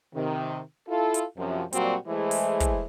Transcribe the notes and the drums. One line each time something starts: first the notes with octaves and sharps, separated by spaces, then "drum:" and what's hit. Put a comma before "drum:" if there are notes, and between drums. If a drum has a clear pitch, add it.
C3 D#3
E4 F4 A4
drum: hi-hat
F#2 C3 F3
A#2 F#3 G3 A#3 C4 F#4, drum: hi-hat
E3 G#3 A3 E4 G#4 C5
drum: open hi-hat
drum: kick, hi-hat